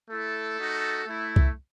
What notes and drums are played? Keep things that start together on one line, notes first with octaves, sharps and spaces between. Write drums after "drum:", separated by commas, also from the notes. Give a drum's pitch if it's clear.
A3 E4 A4
A3 D#4 F#4
A3 E4
drum: kick